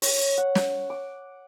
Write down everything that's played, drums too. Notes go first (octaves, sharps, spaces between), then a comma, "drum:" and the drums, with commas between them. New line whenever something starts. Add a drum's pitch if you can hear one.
C#5, drum: open hi-hat
F#5
drum: snare
D6